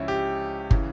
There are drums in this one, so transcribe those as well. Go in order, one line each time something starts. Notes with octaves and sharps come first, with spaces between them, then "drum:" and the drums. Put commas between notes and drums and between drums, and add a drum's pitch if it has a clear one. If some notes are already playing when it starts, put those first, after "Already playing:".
Already playing: C#2 C#3 F3 C#4 E4
G4
C#3 E3, drum: kick